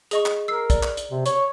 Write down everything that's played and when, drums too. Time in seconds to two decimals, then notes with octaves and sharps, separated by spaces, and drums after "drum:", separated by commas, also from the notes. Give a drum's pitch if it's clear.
0.11 G#4 D#5 C#6, drum: hi-hat
0.26 drum: clap
0.48 A#4 E6 C7
0.70 D5, drum: kick, hi-hat
0.83 drum: clap
0.97 drum: hi-hat
1.11 C3
1.26 C#5, drum: hi-hat